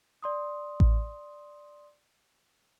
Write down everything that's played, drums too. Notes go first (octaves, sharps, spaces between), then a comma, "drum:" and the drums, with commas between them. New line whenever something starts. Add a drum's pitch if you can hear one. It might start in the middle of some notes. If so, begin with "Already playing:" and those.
D5 C6 D#6
drum: kick A1